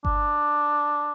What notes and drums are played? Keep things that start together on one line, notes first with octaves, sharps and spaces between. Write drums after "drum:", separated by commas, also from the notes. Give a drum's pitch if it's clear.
D4, drum: kick G1